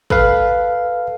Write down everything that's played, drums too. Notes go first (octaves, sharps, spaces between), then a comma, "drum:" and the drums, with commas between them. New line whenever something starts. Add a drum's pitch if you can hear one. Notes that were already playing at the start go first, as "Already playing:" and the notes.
A4 B4 F5, drum: kick